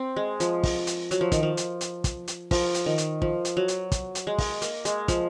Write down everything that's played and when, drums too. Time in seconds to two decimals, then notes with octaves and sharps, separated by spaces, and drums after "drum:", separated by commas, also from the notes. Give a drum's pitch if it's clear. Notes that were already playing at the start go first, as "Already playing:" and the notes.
Already playing: C4
0.16 G#3
0.40 F3, drum: hi-hat
0.64 drum: kick, open hi-hat
0.87 drum: hi-hat
1.11 F#3, drum: hi-hat
1.21 F3
1.32 D#3, drum: kick, hi-hat
1.43 F3
1.57 drum: hi-hat
1.81 drum: hi-hat
2.04 drum: kick, hi-hat
2.28 drum: hi-hat
2.51 F3, drum: kick, open hi-hat
2.74 drum: hi-hat
2.86 D#3
2.98 drum: hi-hat
3.22 F3, drum: kick
3.45 drum: hi-hat
3.57 F#3
3.68 drum: hi-hat
3.92 drum: kick, hi-hat
4.15 drum: hi-hat
4.27 G#3
4.38 drum: kick, open hi-hat
4.62 A#3, drum: hi-hat
4.85 G#3, drum: hi-hat
5.08 F3, drum: kick, hi-hat